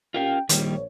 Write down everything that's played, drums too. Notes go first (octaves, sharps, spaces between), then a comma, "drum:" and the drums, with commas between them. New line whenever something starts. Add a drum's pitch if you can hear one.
C#4 F4 G4 A#4 F5 G5
A#1 D#3 G3 A#3 C#5, drum: hi-hat